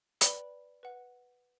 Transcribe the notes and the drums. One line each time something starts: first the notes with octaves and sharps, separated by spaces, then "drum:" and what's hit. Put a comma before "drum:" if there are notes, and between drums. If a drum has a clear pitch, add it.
B4 D5 G5 B5, drum: hi-hat
B4 F#5